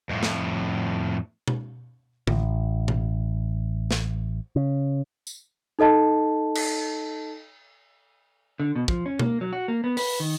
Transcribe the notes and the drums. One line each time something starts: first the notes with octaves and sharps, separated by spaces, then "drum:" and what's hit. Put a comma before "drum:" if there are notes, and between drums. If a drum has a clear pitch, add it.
F2 A2
drum: snare
drum: tom B2
A1, drum: tom D3
drum: tom B2
drum: snare
C#3
drum: tambourine
D#4 A4 D#5 A5
drum: cymbal
D3
B2
F3, drum: kick
C#4
A#3, drum: tom B2
F#3
F#4
A#3
B3
B4, drum: open hi-hat
D#3